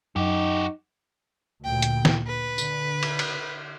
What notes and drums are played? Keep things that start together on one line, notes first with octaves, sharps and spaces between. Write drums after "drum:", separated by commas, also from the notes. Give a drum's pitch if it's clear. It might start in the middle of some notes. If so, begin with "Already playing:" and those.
F#2 D#4 F#4 G4
D2 A#2 G5
drum: hi-hat
drum: snare
B4
D3, drum: tambourine
drum: cymbal
drum: cymbal